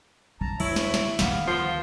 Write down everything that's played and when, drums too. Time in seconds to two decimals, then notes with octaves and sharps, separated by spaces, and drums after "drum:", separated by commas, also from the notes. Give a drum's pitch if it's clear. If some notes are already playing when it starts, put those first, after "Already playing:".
0.41 D#4 A5 A#5
0.60 D2 D3 D4 E4 C#5 E5, drum: cymbal
0.76 drum: snare
0.94 drum: snare
1.19 D2 D#3 B3 F5, drum: snare
1.47 F3